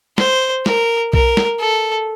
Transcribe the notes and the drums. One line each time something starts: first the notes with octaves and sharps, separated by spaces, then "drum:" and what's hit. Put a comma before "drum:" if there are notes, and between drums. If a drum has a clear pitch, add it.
C5, drum: snare
A#4, drum: snare
A#4, drum: kick B1
drum: snare
A4